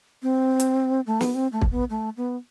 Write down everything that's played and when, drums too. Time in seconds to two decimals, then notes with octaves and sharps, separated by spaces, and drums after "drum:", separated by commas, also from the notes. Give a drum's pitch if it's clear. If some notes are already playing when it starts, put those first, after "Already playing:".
0.23 C4
0.60 drum: hi-hat
1.06 A3
1.21 B3, drum: snare
1.34 C4
1.52 A3
1.61 drum: kick
1.71 B3
1.90 A3
2.17 B3